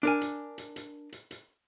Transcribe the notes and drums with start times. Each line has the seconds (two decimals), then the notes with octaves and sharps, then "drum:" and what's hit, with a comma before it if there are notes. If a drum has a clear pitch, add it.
0.03 D4 A#4 G#5
0.21 drum: hi-hat
0.58 drum: hi-hat
0.76 drum: hi-hat
1.12 drum: hi-hat
1.31 drum: hi-hat